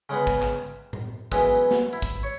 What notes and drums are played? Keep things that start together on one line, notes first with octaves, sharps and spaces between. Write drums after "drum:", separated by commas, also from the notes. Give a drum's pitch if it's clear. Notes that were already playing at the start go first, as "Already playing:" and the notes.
C#3 G#3 B3
drum: kick
drum: clap
drum: tom A2
F#2 E3 G#3 B3, drum: kick
drum: snare
E4
drum: kick
C#5